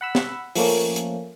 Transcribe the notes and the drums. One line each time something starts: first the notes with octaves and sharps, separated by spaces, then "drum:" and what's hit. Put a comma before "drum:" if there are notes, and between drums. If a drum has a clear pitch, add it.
F#5 B5 E6
drum: snare
F3 A3 A#3 C#4, drum: open hi-hat
drum: hi-hat